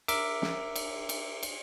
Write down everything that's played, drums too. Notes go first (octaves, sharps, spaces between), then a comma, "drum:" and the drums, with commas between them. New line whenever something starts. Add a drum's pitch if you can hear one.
A#4 E5 D6, drum: cymbal
drum: snare
drum: cymbal
drum: cymbal
drum: cymbal